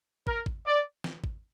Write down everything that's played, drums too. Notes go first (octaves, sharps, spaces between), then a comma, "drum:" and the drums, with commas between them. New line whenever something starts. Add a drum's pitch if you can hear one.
A#4, drum: kick
drum: kick
D5
drum: snare
drum: kick